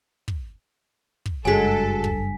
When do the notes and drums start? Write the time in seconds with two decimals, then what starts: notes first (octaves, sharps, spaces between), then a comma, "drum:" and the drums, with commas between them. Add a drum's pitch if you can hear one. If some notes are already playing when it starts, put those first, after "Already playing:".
0.28 drum: kick
1.26 drum: kick
1.45 F#1 G2 F#3 G#3 A4 G#5 B6
2.04 drum: kick